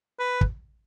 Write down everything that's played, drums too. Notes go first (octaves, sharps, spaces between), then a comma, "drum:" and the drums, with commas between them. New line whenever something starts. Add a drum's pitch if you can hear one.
B4
drum: kick